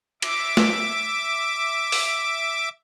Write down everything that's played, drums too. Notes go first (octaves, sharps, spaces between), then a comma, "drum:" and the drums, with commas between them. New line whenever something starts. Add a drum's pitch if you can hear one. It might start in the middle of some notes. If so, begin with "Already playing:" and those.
E5 D6, drum: cymbal
drum: snare A3
drum: open hi-hat